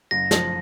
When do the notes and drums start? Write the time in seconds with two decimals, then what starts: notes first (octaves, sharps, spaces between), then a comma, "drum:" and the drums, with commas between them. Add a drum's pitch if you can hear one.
0.11 F#1 A#6
0.31 F3, drum: snare